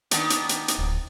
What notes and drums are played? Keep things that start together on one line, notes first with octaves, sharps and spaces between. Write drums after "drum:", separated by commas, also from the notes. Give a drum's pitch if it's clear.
D#3 B3 D4, drum: hi-hat
drum: hi-hat
drum: hi-hat
drum: hi-hat
D1